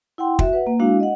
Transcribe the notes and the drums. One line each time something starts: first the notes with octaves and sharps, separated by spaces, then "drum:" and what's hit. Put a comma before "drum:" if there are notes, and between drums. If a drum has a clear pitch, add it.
E4 F#5 G5 C6
F#4 E5, drum: kick
B4 F#5
A#3
G#3 D4 E4 F#4 F5
D#5 F#5